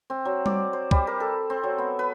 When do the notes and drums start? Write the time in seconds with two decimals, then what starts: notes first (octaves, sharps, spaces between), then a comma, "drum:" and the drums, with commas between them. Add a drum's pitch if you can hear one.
0.10 C4
0.25 F#3
0.46 D5, drum: tom G3
0.73 C5
0.91 G3, drum: kick
1.07 A#4
1.20 A4
1.50 C4
1.63 F#3
1.78 B3
1.99 B4